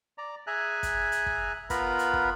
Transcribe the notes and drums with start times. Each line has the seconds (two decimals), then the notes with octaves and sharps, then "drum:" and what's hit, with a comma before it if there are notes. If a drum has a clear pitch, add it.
0.18 D5 A#5
0.47 G#4 E5 G#5 A#5 F#6
0.83 drum: kick, hi-hat
1.12 drum: hi-hat
1.26 drum: kick
1.70 B3 F4 A#4 B4 A#5 B5, drum: kick, hi-hat
1.99 drum: hi-hat
2.13 drum: kick